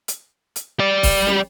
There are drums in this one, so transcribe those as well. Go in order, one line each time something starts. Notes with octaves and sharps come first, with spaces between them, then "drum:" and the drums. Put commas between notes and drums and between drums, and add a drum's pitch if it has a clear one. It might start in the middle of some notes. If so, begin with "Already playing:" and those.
drum: hi-hat
drum: hi-hat
G3 D5
drum: kick, open hi-hat
drum: snare